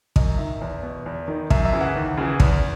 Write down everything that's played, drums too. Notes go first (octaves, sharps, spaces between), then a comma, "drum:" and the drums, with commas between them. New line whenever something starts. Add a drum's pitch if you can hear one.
F#2 D#5, drum: kick
D#3 E5
E2
B2
E2
D#3
F#2 E5, drum: kick
E5
C#3 E3
F#5
D#2
C#3 E3
E2, drum: kick